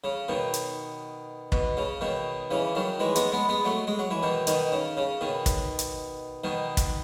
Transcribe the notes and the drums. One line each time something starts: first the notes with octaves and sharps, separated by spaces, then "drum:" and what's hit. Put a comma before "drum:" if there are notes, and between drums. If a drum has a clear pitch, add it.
C#3
B2 D#3
drum: hi-hat
B2, drum: kick
C#3
B2 D#3
C#3 E3
D#3 F#3
E3 G#3
G#3 B3, drum: hi-hat
G#3 B3
G#3 B3
F#3 A3
G#3
F#3
E3
B2 D#3
B2 D#3, drum: hi-hat
C#3
C#3
B2 D#3
drum: kick, hi-hat
drum: hi-hat
B2 D#3
drum: kick, hi-hat